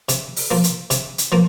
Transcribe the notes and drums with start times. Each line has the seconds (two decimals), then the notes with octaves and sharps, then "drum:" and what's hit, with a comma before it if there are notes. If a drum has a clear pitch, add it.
0.09 C3, drum: hi-hat
0.36 drum: open hi-hat
0.51 F3 A#3
0.64 drum: hi-hat
0.90 C3, drum: hi-hat
1.18 drum: hi-hat
1.32 F3 A#3